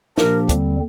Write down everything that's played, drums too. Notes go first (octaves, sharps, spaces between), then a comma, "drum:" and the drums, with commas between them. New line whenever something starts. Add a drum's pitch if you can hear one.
A#2 F3 A#3 D4 G4 A#4, drum: snare
D#2 D3 G3 C4, drum: kick, hi-hat